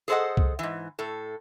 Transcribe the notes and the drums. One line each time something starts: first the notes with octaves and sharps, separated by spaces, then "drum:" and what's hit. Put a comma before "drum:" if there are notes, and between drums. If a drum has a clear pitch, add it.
G#4 A4 C5 C#5 D#5 F#5
drum: kick C2
G#2 E3
A2 A4